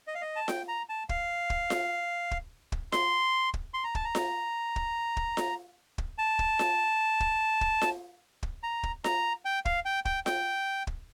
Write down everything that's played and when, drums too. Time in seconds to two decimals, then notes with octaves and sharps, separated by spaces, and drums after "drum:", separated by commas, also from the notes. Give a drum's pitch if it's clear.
0.07 D#5
0.15 F5
0.21 D#5
0.36 A5
0.48 G5, drum: snare F4
0.68 A#5
0.89 A5
1.09 F5, drum: kick
1.50 drum: kick
1.70 drum: snare F4
2.31 drum: kick
2.72 drum: kick
2.92 C6, drum: snare F4
3.54 drum: kick
3.74 C6
3.84 A#5
3.95 A5, drum: kick
4.04 A#5
4.15 drum: snare F4
4.76 drum: kick
5.17 drum: kick
5.37 drum: snare F4
5.98 drum: kick
6.18 A5
6.39 drum: kick
6.59 drum: snare F4
7.20 drum: kick
7.61 drum: kick
7.81 drum: snare F4
8.43 drum: kick
8.63 A#5
8.83 drum: kick
9.04 A#5, drum: snare F4
9.45 G5
9.65 F5, drum: kick
9.85 G5
10.05 G5, drum: kick
10.26 G5, drum: snare F4
10.87 drum: kick